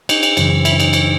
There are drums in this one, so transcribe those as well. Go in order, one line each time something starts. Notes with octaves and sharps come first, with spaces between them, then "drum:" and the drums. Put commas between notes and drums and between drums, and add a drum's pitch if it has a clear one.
D#4, drum: cymbal
drum: cymbal
F#2 C#3 E3, drum: cymbal
E4, drum: cymbal
D#4, drum: cymbal
drum: cymbal